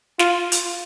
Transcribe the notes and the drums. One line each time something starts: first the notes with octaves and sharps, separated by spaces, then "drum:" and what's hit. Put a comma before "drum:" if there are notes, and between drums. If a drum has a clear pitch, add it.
F4, drum: snare
drum: hi-hat